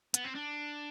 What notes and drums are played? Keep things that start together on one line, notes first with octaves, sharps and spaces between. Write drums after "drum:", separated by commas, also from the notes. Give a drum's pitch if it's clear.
B3, drum: hi-hat
C4
D4